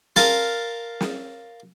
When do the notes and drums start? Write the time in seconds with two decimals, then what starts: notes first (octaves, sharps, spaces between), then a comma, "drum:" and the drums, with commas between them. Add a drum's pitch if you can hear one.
0.16 A#4 F5 G#5 A5 C6, drum: snare
1.01 drum: snare